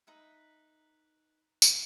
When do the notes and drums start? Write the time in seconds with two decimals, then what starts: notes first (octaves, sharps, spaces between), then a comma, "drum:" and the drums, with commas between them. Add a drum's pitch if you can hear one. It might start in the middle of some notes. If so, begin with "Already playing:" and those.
0.07 D#4 B4 E5
1.62 drum: tambourine